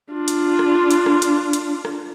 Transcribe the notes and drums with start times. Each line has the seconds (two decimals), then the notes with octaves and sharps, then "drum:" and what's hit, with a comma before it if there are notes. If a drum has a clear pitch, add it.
0.12 D4 F4
0.28 drum: hi-hat
0.59 drum: rim click
0.91 drum: hi-hat
1.06 drum: rim click
1.22 drum: hi-hat
1.53 drum: hi-hat
1.85 drum: rim click